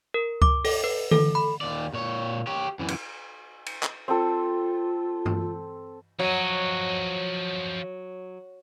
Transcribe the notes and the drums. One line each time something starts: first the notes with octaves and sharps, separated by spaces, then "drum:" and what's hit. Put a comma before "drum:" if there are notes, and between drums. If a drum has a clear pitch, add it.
A#4
D6, drum: kick C#2
A4, drum: open hi-hat
B4
A4, drum: tom D3
B5
D#2 D5
A#2 C#5
G4 C#5
F#2 E3
drum: cymbal
drum: cymbal
drum: clap
C4 F4 A4
drum: tom G2
F3 F#3 D#5